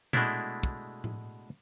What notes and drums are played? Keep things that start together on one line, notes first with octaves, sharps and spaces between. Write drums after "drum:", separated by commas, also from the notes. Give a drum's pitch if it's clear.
B2 G#3 A3 D4 E4, drum: tom A#2
drum: kick
drum: tom A2